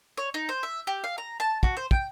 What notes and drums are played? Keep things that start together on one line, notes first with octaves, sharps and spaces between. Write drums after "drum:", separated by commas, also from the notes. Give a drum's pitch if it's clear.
C#5
D#4
C5
E5
G4
F5
A#5
A5
F#4, drum: kick
C5
G5, drum: kick